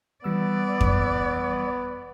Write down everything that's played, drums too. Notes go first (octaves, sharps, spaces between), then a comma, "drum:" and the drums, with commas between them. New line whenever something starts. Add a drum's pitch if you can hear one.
E3 G3 B3 D5 E6
drum: kick F2